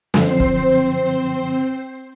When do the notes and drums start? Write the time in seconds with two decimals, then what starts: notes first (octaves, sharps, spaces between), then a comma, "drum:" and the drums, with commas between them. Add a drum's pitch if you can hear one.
0.14 F#2 D3 F3 C4 C5 C7, drum: snare
0.40 drum: kick